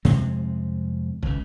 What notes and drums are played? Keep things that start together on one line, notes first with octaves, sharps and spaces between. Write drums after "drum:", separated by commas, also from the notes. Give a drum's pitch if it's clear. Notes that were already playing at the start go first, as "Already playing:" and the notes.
F2 C3 G#3 C4, drum: snare
C#2 C#3, drum: kick